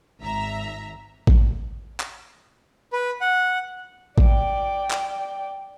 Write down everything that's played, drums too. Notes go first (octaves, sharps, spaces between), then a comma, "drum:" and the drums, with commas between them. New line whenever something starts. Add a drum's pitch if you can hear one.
G#1 E5 A#5
drum: kick A1
drum: clap
B4
F#5
D5 G5, drum: kick A1
drum: clap